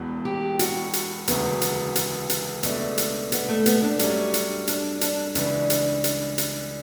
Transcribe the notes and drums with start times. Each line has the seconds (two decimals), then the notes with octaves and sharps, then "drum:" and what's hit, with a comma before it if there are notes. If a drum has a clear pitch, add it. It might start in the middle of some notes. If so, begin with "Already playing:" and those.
Already playing: E1 E2 B2
0.25 G4
0.59 F#4, drum: hi-hat
0.93 drum: hi-hat
1.28 E1 D2 C#3 F#3 B3, drum: hi-hat
1.61 drum: hi-hat
1.96 drum: hi-hat
2.30 drum: hi-hat
2.63 C#2 B2 A3 D4, drum: hi-hat
2.98 drum: hi-hat
3.32 B3, drum: hi-hat
3.49 A3
3.66 B3, drum: hi-hat
3.82 D4
3.99 G2 F#3 A3 C#4 D4 G4, drum: hi-hat
4.34 drum: hi-hat
4.67 D4, drum: hi-hat
5.01 D4, drum: hi-hat
5.35 C#2 C#3 E3, drum: hi-hat
5.70 drum: hi-hat
6.04 drum: hi-hat
6.38 drum: hi-hat